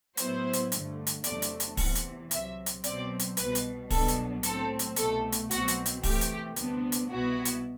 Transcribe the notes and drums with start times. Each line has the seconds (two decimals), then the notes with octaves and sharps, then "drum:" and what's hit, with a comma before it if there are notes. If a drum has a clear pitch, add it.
0.17 A2 F#3 B3 E4 C5, drum: hi-hat
0.53 drum: hi-hat
0.72 G2 D3 A3, drum: hi-hat
1.07 drum: hi-hat
1.24 E2 C3 F#3 A3 D4 D5, drum: hi-hat
1.42 drum: hi-hat
1.60 drum: hi-hat
1.77 E2 C3 E3 F#5, drum: kick, open hi-hat
1.95 drum: hi-hat
2.31 C2 C3 F#3 E5, drum: hi-hat
2.66 drum: hi-hat
2.84 B2 F#3 C4 D5, drum: hi-hat
3.19 drum: hi-hat
3.37 C2 B2 G3 B4, drum: hi-hat
3.55 drum: hi-hat
3.90 C2 B2 F#3 B3 D4 A4, drum: kick, open hi-hat
4.08 drum: hi-hat
4.43 A2 F#3 C4 A4, drum: hi-hat
4.79 drum: hi-hat
4.96 C2 B2 A3 A4, drum: hi-hat
5.32 drum: hi-hat
5.51 C2 B2 F#3 C4 F#4, drum: hi-hat
5.68 drum: hi-hat
5.86 drum: hi-hat
6.03 C3 E3 A3 G4, drum: kick, open hi-hat
6.21 drum: hi-hat
6.56 D2 C3 G3 B3 D4, drum: hi-hat
6.92 drum: hi-hat
7.10 C2 B2 G3 B3 E4 F#4
7.45 drum: hi-hat